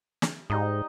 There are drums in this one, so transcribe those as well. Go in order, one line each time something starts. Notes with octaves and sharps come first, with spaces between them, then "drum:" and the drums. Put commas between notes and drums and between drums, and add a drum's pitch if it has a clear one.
drum: snare
G#2 G3 D#4 D#5